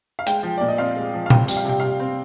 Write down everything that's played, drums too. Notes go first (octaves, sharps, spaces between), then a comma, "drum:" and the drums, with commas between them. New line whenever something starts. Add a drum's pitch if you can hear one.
F5
G#3 G5, drum: hi-hat
F3
A#2 D5
D#5
C4 F5
G#3
F3
F5
C4 G5, drum: tom A#2
G3, drum: tambourine
F5
C3 G5
C3 F5
C4